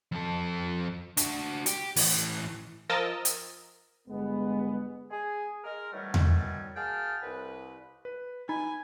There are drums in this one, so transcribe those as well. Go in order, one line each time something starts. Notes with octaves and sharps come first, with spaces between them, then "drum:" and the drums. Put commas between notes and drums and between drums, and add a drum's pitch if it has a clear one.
F2 A4
D4 F#4, drum: hi-hat
G4, drum: hi-hat
A2 E3, drum: open hi-hat
F3 A#4 D#5 E6 A6
drum: hi-hat
G1 G#3 B3
G#4
G#3 A#4 F6
D#3 E3 F#3 G3 A3 C#4
drum: tom E2
A#3 F#4 G#4 G5 A5 F6
C2 B4
B4
D#4 G#5 B5